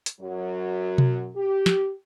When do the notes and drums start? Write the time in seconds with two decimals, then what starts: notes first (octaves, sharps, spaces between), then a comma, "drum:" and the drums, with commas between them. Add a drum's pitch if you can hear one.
0.06 drum: hi-hat
0.21 F#2 F#3
0.98 drum: tom B2
1.36 G4
1.66 drum: snare